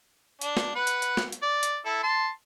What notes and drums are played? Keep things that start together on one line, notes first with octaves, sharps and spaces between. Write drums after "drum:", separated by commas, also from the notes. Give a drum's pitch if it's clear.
D4, drum: hi-hat
drum: snare
B4 F#5
drum: hi-hat
drum: hi-hat
drum: snare
drum: hi-hat
D5
drum: hi-hat
E4 A4
A5 C6